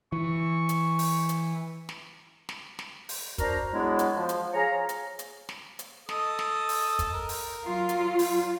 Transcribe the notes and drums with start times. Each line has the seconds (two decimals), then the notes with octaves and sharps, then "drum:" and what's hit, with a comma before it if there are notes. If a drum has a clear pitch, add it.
0.12 E3 C#6
0.69 drum: hi-hat
0.99 drum: open hi-hat
1.29 drum: hi-hat
1.89 drum: snare
2.49 drum: snare
2.79 drum: snare
3.09 drum: open hi-hat
3.38 D4 F#4 A#4 C5 A#5, drum: kick, hi-hat
3.73 F#3 G#3 B3 D4 E4 G#4
3.99 drum: hi-hat
4.14 F3
4.29 drum: hi-hat
4.53 G#4 C#5 F5 A#5
4.89 drum: hi-hat
5.19 drum: hi-hat
5.49 drum: snare
5.79 drum: hi-hat
6.09 A4 D#5 D#6, drum: snare
6.39 drum: snare
6.69 drum: open hi-hat
6.99 drum: kick, hi-hat
7.13 A#4
7.29 drum: open hi-hat
7.65 F#3 F4
7.89 drum: hi-hat
8.19 drum: open hi-hat